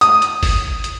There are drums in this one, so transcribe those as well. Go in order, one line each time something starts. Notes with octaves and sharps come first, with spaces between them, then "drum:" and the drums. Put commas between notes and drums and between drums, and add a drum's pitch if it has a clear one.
D#6, drum: hi-hat
drum: hi-hat
drum: kick G1, open hi-hat
drum: hi-hat